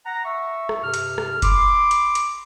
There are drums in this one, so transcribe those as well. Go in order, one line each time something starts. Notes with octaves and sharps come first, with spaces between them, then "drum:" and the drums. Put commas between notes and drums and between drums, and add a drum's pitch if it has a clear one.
F#5 A#5
E5 C#6
drum: rim click
G2 C3 F6
drum: hi-hat
drum: rim click
B5 C6 D6, drum: kick F#1, hi-hat
drum: hi-hat
drum: hi-hat